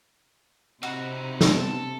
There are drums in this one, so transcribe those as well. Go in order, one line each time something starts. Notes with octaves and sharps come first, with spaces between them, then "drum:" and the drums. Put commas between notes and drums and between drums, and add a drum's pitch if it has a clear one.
C3 D#4 E4 F#4
drum: snare
B3 A4